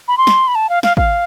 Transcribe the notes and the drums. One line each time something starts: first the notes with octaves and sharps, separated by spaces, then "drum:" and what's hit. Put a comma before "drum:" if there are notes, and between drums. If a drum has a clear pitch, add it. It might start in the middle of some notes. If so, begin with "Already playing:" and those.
B5
C6
drum: snare
B5
A5
F5
F5, drum: snare
F5, drum: kick